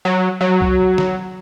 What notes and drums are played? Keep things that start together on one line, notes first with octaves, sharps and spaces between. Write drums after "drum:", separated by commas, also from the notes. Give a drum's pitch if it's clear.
F#3
F#3
drum: kick C2
drum: snare